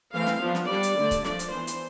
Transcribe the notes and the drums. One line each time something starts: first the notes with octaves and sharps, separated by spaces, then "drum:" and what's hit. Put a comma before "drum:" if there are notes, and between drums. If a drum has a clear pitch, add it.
E3 A3 C4 F5
drum: snare
F3 B3 D4
drum: snare
G3 D4 D5
drum: hi-hat
D3 A3 D4
drum: kick C#1, hi-hat
F3 A3 D4 D5, drum: snare
drum: hi-hat
E3 B3 D4 C5
drum: hi-hat